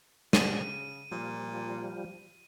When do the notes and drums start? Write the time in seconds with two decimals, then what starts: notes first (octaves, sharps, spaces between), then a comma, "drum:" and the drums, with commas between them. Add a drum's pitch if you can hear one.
0.33 C#3 D#7, drum: snare
1.12 A#2 F3 G3